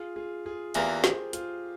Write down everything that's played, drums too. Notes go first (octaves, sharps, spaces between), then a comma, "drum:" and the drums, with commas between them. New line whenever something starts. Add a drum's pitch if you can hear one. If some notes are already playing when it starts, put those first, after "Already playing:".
Already playing: F4 G#4
F4 G#4
F4 G#4
E2 E3 A#3 G4 A#4, drum: hi-hat
G#4 C5, drum: snare
F4 G#4, drum: hi-hat